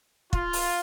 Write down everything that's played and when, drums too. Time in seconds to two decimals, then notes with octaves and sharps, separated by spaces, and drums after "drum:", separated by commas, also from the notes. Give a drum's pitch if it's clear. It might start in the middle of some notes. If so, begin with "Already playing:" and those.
0.33 F4, drum: kick
0.53 drum: open hi-hat